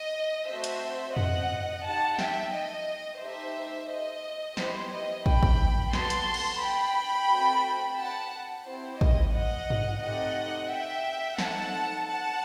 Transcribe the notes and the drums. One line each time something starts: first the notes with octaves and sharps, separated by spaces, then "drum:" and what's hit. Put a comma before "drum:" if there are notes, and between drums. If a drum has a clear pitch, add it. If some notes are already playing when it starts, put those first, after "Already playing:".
Already playing: D#5
A3 C4 F#4 C5 E5
drum: hi-hat
D#5 F#5, drum: tom F2
D#4 G4 F#5 A5
E5 G5, drum: snare
D#5
A3 D#4 G4 C5 E5
D#5
B3 E4 G4 C5, drum: snare
D#5
G5 B5, drum: kick
drum: kick
B3 F#4 A4 A5 C6, drum: snare
drum: hi-hat
drum: cymbal
G5 B5
A3 C4 F#4 A4
F#5 A5
C4 E4 G4 C5
D#5, drum: kick
D#5 F#5
drum: tom G2
A3 C4 D#4 G4 D#5 F#5
E5 G5
C4 D#4 A4 F#5 A5, drum: snare
F#5 A5